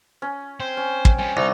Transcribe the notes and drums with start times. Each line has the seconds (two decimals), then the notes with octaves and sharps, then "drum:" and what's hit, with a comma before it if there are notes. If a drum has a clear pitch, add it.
0.22 C#4
0.60 C4 C5
0.77 C#4
1.05 drum: kick
1.19 G3 C#4 G#5
1.37 C2 D#4